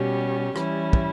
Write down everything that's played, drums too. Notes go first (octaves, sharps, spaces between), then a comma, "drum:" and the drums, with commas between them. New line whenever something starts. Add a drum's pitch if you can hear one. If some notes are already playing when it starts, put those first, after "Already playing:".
Already playing: B2 G3 C#4 G4
E3 G3 C#4 E4, drum: rim click
drum: kick